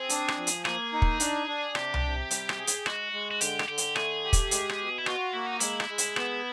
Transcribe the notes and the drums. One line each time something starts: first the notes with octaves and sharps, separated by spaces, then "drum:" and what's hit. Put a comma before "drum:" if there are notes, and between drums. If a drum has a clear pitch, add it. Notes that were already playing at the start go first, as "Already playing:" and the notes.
Already playing: C4 G#4
D4, drum: hi-hat
drum: rim click
F3
drum: hi-hat
A#3 G#4, drum: rim click
D#4
drum: kick
D4, drum: hi-hat
D4
C3 G4, drum: rim click
drum: tom C2
C3
G3, drum: hi-hat
drum: rim click
G#4
drum: hi-hat
G#3 F#4, drum: rim click
G#3
F#4
D3 G4, drum: hi-hat
drum: rim click
D3 G4
drum: hi-hat
A3 G#4, drum: rim click
G4
drum: kick, hi-hat
G#3, drum: hi-hat
drum: rim click
B2
E4
F4 F#4, drum: rim click
A#3 E4
D#4
G#3 E4, drum: hi-hat
drum: rim click
G#3
drum: hi-hat
B3, drum: rim click